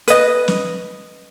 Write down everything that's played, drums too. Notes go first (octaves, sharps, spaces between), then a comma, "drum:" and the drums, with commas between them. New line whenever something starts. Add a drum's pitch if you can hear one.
B4 D#5, drum: hi-hat
drum: snare